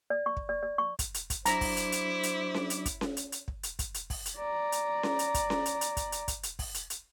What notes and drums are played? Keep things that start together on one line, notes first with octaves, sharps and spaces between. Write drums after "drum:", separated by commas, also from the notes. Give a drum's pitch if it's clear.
D5
C#6
drum: kick
D5
D5
C#6
drum: kick, hi-hat
drum: hi-hat
drum: kick, hi-hat
F#3 D4 E4 C5 A#5 D6, drum: hi-hat
drum: kick, open hi-hat
drum: hi-hat
drum: hi-hat
drum: hi-hat
drum: snare C#4
drum: hi-hat
drum: kick, hi-hat
drum: snare C#4
drum: hi-hat
drum: hi-hat
drum: kick
drum: hi-hat
drum: kick, hi-hat
drum: hi-hat
drum: kick, open hi-hat
drum: hi-hat
D5 A#5
drum: hi-hat
drum: snare C#4
drum: hi-hat
drum: kick, hi-hat
drum: snare C#4
drum: hi-hat
drum: hi-hat
drum: kick, hi-hat
drum: hi-hat
drum: kick, hi-hat
drum: hi-hat
drum: kick, open hi-hat
drum: hi-hat
drum: hi-hat